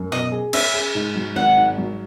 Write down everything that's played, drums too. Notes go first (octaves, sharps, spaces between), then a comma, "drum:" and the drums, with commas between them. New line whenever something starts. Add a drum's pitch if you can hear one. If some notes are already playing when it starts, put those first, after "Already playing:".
Already playing: F#2
B2 D#5
G#4
C#4 E5, drum: cymbal
G#4
G#2
F#3
G#1 F#5
G#2
F#3